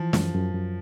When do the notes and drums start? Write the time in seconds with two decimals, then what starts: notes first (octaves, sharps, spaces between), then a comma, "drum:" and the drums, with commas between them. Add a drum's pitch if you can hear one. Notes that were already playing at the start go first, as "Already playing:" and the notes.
Already playing: E3 F3
0.13 F#2, drum: snare
0.34 F#2
0.54 F#2